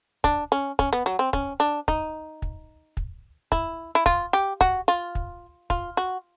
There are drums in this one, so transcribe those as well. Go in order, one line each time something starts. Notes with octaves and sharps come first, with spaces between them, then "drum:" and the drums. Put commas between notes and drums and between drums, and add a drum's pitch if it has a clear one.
D4, drum: kick
C#4
C#4, drum: kick
B3
F#3
C4
C#4, drum: kick
D4
D#4, drum: kick
drum: kick
drum: kick
E4, drum: kick
E4
F4, drum: kick
G4
F#4, drum: kick
F4
drum: kick
F4, drum: kick
F#4